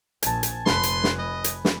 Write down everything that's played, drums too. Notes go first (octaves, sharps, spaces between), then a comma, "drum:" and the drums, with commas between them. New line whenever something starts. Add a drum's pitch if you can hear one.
A#1 G#5 A5, drum: hi-hat
drum: hi-hat
F1 B4 B5 C6, drum: snare
drum: hi-hat
drum: snare
D#5
drum: hi-hat
drum: snare